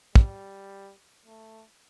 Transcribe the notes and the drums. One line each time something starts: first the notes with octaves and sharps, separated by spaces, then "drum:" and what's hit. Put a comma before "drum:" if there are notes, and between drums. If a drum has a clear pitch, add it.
G3, drum: kick
A3